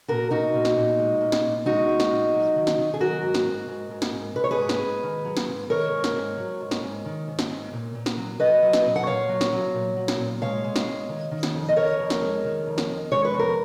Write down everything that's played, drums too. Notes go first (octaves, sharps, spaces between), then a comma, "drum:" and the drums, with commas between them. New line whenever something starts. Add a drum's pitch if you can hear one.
A#2 F#4 A#4
A#2 D#4 F#4
A#2
drum: snare
A#2
G#3
A#2
drum: snare
A#2
G#3 D#4 F#4
G#3
drum: snare
A#2
F#3
D#3
drum: snare
D#3
G#4
F#3 F#4 A#4
G#2
drum: snare
G#2
G#2
G#2
drum: snare
G#2
G#2 B4
C#5
G#4 B4
G#2
drum: snare
G#2
D#3
F#3
drum: snare
G#2
D#3 A#4 C#5
G#2
drum: snare
G#2
F#3
G#2
drum: snare
G#2
D#3
G#2
drum: snare
G#2
A#2
A#2
drum: snare
F#3
F#3 B4 D#5
F#3
drum: snare
A#2
F#5
A#2 C#5 F5
F#3
drum: snare
F#3
A#2
F#3
drum: snare
A#2
G#3 C#5 F5
G#3
drum: snare
G#3
D#3
D#3
drum: snare
F2
D#5
D#3 A#4 C#5
F2
drum: snare
G#3
D#3
F2
drum: snare
D#3
G#3 C#5
B4
F2
A#4